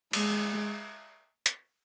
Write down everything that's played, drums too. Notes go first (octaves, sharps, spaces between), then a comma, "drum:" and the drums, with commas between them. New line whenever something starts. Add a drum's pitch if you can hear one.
G#3, drum: cymbal
drum: hi-hat